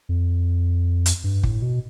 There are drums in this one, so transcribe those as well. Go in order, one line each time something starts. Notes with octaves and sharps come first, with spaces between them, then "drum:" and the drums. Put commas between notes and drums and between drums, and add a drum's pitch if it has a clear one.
F2
drum: hi-hat
G2
A2, drum: kick
B2